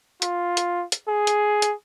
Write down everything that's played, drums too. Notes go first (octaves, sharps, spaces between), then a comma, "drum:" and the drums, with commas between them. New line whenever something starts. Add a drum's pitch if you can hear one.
F4, drum: hi-hat
drum: hi-hat
drum: hi-hat
G#4
drum: hi-hat
drum: hi-hat